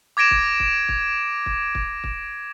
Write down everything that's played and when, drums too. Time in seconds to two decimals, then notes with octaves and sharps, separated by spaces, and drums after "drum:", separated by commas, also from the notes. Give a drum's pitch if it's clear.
0.17 D6 G#6 A#6 D7 E7
0.31 drum: kick
0.60 drum: kick
0.89 drum: kick
1.46 drum: kick
1.75 drum: kick
2.04 drum: kick